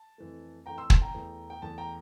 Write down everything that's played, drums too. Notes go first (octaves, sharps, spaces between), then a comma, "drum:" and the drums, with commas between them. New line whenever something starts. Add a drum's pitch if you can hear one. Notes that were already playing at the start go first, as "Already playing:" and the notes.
Already playing: A5
F2 E3 A3
F2 E3 A3 G5 A#5
C6 E6
A5 C6, drum: kick
G5 A#5
E2 E3 A3
G5
E2 E3 A3 A5
G5 A#5